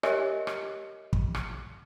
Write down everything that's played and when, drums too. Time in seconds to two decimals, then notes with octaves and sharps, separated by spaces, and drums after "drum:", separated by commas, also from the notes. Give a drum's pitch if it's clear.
0.03 G4 A#4 C#5 D#5 E5 G#5, drum: rim click
0.47 drum: rim click
1.13 drum: kick
1.35 drum: rim click